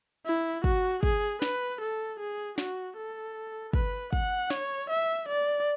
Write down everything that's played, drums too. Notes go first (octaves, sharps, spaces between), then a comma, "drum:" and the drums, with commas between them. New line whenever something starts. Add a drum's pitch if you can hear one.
E4
F#4, drum: kick
G#4, drum: kick
B4, drum: snare
A4
G#4
F#4, drum: snare
A4
B4, drum: kick
F#5, drum: kick
C#5, drum: snare
E5
D5